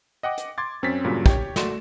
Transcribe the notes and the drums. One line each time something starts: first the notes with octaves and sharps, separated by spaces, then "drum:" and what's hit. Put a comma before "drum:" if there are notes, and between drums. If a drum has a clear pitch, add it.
D#5 F#5 G5 D6
drum: hi-hat
C6 D6 G#6 A6
F#2 C4 C#4 C#5 A6 B6
G2 A#2 C#3 F#3
G4 C#5, drum: kick
A3 F#4 D5 C6 E7, drum: snare